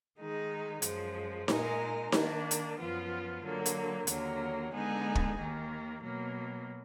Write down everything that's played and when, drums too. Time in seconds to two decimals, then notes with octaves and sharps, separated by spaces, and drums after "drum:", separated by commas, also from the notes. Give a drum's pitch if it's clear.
0.18 D#3 G#3 D#4
0.82 F#2 F3 G#3, drum: hi-hat
1.48 A#2 G#3 D#4 A#4, drum: snare D#4
2.12 D#3 A#3 D4, drum: snare D#4
2.51 drum: hi-hat
2.77 F#2 F3 B3 F4
3.42 D3 F#3 A#3
3.66 drum: hi-hat
4.07 D#2 D3 F#3 A#3, drum: hi-hat
4.72 D3 G#3 B3 D#4 G#4
5.15 drum: kick
5.37 D#2 D#3 A#3
6.02 B2 F#3 A#3